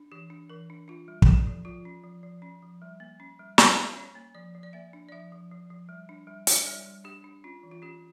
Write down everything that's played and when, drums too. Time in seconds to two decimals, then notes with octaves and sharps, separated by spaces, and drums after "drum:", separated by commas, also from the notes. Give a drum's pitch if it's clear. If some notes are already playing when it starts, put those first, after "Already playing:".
Already playing: D4
0.12 E3 G4
0.30 D4
0.50 E3 A#4
0.70 D4
0.88 D4 F4
1.08 G3
1.22 A4, drum: kick
1.27 F3 G4
1.47 F3
1.65 F3 F4
1.85 C#4
2.04 F3
2.23 F3
2.42 C#4
2.62 F3
2.82 G3
3.00 A#3
3.20 C#4
3.39 G3
3.58 G3, drum: snare
3.77 C#4
3.96 C#4 C#5
4.15 A#3
4.35 F3 D5
4.55 F3
4.63 D5
4.73 A#3 E5
4.93 D4
5.09 D5
5.12 F3 E5
5.32 F3
5.51 F3
5.70 F3
5.89 G3
6.09 D4
6.27 G3
6.47 D4, drum: hi-hat
6.61 C#5
6.66 G3 D5
6.86 G3
7.04 D4 G4
7.24 D4
7.44 C#4 F4
7.63 E3
7.71 F4
7.82 C#4 G4